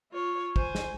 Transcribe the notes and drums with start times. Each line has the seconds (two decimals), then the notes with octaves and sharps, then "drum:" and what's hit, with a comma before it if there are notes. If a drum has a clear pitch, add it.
0.12 F4 C#5
0.56 C5 G#5, drum: kick
0.75 drum: snare